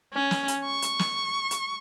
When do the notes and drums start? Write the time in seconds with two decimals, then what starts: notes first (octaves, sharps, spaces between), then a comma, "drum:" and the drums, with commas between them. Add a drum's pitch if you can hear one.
0.14 C#4
0.31 drum: snare
0.48 drum: hi-hat
0.65 C#6
0.82 drum: hi-hat
0.99 drum: snare
1.51 drum: hi-hat